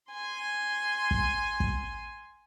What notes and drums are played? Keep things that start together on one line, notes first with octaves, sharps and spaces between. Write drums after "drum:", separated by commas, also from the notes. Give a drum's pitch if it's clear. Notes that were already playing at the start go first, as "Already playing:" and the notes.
G#5 C6
drum: kick
drum: kick